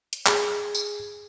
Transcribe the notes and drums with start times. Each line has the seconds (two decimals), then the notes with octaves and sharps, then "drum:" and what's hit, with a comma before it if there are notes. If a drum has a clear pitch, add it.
0.13 drum: hi-hat
0.26 G#4, drum: clap
0.75 drum: tambourine